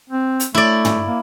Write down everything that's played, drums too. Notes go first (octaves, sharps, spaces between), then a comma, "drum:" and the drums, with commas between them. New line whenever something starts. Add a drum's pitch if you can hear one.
C4
drum: hi-hat
A3 E4 D5
drum: tom
A#3